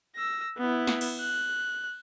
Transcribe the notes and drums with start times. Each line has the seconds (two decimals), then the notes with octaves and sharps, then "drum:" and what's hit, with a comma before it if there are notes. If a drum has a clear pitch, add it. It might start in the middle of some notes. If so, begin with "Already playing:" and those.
0.15 E6 A#6
0.58 B3 E4
0.87 drum: snare
1.01 drum: cymbal
1.21 F#6